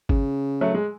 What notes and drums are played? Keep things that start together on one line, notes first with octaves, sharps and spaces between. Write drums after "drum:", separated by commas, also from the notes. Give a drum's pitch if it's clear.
C#3, drum: kick G1
F#3 A3
G#3